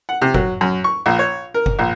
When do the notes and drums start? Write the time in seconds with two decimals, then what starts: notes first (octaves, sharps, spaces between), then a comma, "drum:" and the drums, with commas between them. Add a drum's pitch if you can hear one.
0.09 F#5
0.22 C3
0.34 F#3, drum: kick F#1
0.61 F#2
0.84 C#6
1.06 A#1
1.19 C#5
1.54 A#4
1.66 drum: kick F#1
1.79 A#1